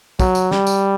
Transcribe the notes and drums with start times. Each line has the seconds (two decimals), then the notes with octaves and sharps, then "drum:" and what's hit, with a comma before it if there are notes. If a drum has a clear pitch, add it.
0.20 F#3, drum: kick, tambourine
0.35 drum: tambourine
0.51 G3, drum: snare
0.67 drum: tambourine